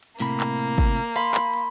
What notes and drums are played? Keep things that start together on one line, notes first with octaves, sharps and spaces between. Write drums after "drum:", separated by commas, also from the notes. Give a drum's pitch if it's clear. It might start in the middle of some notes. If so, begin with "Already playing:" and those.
drum: open hi-hat
A2 C3 A#3 B5, drum: hi-hat
drum: clap
drum: hi-hat
drum: kick, hi-hat
drum: hi-hat
F5 B5 C6, drum: hi-hat
drum: clap
drum: hi-hat